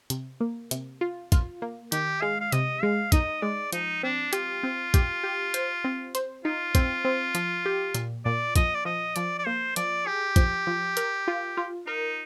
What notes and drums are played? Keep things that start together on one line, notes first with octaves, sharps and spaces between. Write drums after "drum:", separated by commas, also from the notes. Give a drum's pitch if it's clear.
C3, drum: hi-hat
A#3
C3, drum: hi-hat
F4
F4, drum: kick, hi-hat
A#3
D#3 G4, drum: hi-hat
G#3 F5
F5
C3 D#5, drum: hi-hat
G#3 F5
D#4 D#5, drum: kick, hi-hat
G#3 D5
F3 D#4, drum: hi-hat
C4 D4
F4 G4, drum: hi-hat
C4
G4, drum: kick, hi-hat
G4
C5, drum: hi-hat
C4
C5, drum: hi-hat
D#4 F4
C4, drum: kick, hi-hat
C4
F3, drum: hi-hat
G4
A#2, drum: hi-hat
A#2 D5
F3 D#5, drum: kick, hi-hat
D5
F3 D#5
F3 D5, drum: hi-hat
D5
A#3 C5
F3 D5, drum: hi-hat
G4 G#4
F3, drum: kick, hi-hat
F3
A#4, drum: hi-hat
F4
F4
D#4 A#4